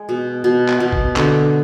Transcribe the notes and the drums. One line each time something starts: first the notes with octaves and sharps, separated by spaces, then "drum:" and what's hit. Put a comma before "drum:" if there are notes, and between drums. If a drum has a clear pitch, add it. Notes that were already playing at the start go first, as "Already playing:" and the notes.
Already playing: G#3
B2
B2
drum: clap
B2
drum: kick
D3, drum: clap